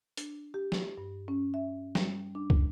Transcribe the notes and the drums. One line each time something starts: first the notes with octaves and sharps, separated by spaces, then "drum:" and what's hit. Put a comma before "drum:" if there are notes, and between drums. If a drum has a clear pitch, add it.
D4, drum: hi-hat
G4
drum: snare
G2
C#4
E5
G3, drum: snare
D4
drum: kick